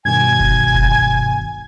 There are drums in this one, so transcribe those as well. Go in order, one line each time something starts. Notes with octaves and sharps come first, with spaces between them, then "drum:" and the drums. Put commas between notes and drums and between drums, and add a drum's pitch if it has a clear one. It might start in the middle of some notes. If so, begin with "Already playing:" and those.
G2 B2 D#3 G#5 G#6
drum: kick
drum: kick